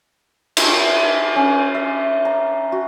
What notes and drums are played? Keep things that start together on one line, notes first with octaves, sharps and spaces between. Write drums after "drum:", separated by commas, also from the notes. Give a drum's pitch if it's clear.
E5, drum: cymbal
C#4
E5
A#5
F#4